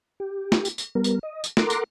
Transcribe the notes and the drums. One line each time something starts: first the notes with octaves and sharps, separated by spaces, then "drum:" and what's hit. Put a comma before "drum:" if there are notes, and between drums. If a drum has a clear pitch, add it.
G4
drum: snare
drum: tambourine
drum: tambourine
G3 B3 A#4
drum: tambourine
D#5
drum: tambourine
A4 A#4 F#5 A#5 C6 D6, drum: snare
drum: tambourine